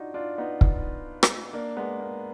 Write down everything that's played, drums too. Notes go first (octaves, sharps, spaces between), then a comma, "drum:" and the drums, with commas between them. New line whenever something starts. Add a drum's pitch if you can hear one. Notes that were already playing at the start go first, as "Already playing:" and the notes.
Already playing: D4 D#4 F4 F#4
D4 F4
B3 D#4
drum: kick
drum: rim click
A#3 D4
G#3 B3
A#3